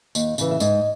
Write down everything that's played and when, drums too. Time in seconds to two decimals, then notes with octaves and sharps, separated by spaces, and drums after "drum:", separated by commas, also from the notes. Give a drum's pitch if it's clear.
0.15 D#2, drum: tambourine
0.38 C#3 E3, drum: tambourine
0.51 E5
0.60 G#2 D#5, drum: tambourine